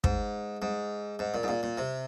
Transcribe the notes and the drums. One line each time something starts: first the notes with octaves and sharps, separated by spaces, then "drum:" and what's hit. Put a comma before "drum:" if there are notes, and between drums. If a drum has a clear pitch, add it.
G#2, drum: kick
G#2
G#2
A#2
G#2
A#2
A#2
C3